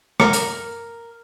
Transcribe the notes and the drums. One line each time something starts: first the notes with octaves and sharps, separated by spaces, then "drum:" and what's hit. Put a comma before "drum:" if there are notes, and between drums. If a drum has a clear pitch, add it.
A#4, drum: rim click
drum: hi-hat